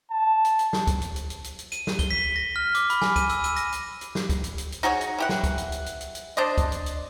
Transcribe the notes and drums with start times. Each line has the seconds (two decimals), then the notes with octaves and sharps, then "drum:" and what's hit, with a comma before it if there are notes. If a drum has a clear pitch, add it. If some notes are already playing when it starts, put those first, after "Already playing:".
0.11 A5
0.45 drum: hi-hat
0.59 drum: hi-hat
0.73 drum: snare
0.87 drum: kick, hi-hat
1.02 drum: hi-hat
1.16 drum: hi-hat
1.30 drum: hi-hat
1.44 drum: hi-hat
1.59 drum: hi-hat
1.72 D#7, drum: hi-hat
1.87 drum: snare
1.99 G7, drum: kick, hi-hat
2.11 B6
2.36 A#6
2.56 F6
2.75 D6, drum: hi-hat
2.90 B5, drum: hi-hat
3.02 G#5, drum: snare
3.16 D#7, drum: kick, hi-hat
3.29 E6, drum: hi-hat
3.44 D#7, drum: hi-hat
3.56 A#6, drum: hi-hat
3.72 drum: hi-hat
4.01 drum: hi-hat
4.15 drum: snare
4.29 drum: kick, hi-hat
4.44 drum: hi-hat
4.58 drum: hi-hat
4.72 drum: hi-hat
4.83 D#4 F#4 G#4 C#5
5.01 drum: hi-hat
5.18 E3 G4 F#5
5.29 drum: snare
5.44 drum: kick, hi-hat
5.58 drum: hi-hat
5.72 drum: hi-hat
5.86 drum: hi-hat
6.01 drum: hi-hat
6.15 drum: hi-hat
6.37 D4 C5 D5 D#5
6.58 drum: kick, hi-hat
6.72 drum: hi-hat
6.86 drum: hi-hat